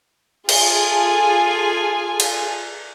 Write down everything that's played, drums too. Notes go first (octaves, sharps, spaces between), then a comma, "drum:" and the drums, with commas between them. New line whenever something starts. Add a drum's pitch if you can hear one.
F4 G#4 A4 G#5, drum: cymbal
drum: cymbal